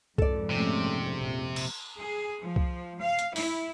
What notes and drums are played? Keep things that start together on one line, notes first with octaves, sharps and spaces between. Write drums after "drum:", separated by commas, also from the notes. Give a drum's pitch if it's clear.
F2 G#2 A4 D5, drum: kick C2
A#1 C3 A3 C#4
A#1
drum: cymbal
G#4
F3
drum: kick C2
F5
drum: hi-hat
E4, drum: open hi-hat